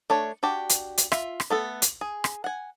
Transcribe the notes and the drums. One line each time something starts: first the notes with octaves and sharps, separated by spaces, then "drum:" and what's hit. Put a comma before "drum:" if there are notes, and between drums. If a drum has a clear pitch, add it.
A3 D4 C#5
D4 F#4 G4
drum: hi-hat
drum: hi-hat
F4 E5, drum: rim click
drum: rim click
A3 B3 A4
drum: hi-hat
G#4
drum: rim click
F#5 G#5